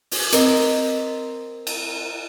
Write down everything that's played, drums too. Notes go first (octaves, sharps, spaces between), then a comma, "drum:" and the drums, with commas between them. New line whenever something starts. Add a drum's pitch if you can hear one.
drum: open hi-hat
C4 A#4 D#5, drum: hi-hat
drum: cymbal